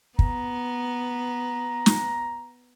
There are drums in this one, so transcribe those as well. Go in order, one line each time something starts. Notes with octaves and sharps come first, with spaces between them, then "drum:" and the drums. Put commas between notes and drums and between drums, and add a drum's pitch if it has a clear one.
B3 A#5, drum: kick
drum: snare